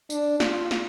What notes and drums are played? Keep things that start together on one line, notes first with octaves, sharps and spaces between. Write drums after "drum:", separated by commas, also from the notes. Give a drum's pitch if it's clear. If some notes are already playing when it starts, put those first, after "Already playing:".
D4, drum: tambourine
F4, drum: snare
drum: snare